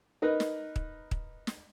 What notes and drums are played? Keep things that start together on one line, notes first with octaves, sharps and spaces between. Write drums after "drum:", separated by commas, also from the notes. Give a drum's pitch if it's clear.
D#4 A#4 B4
drum: snare
drum: kick
drum: kick
drum: snare